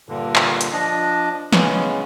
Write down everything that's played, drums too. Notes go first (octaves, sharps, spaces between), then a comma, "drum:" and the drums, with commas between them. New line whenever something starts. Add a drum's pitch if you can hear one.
G2 A#2 D3
drum: clap
drum: hi-hat
F3 D4 D#5
C#3 E3 G#3 B3 C#4, drum: snare